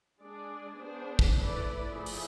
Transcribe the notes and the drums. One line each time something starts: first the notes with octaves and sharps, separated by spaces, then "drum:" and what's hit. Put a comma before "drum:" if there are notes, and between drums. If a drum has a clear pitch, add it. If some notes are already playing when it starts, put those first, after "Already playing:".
G#3 D4 G#4 D5
B3 D4 G#4 C5
drum: kick
A3 E4 B4 D5
F3 A3 E4 G#4
drum: open hi-hat